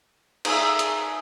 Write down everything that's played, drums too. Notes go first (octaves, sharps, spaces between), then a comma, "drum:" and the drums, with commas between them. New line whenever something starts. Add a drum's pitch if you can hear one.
D#4 G#4 E5, drum: cymbal
drum: hi-hat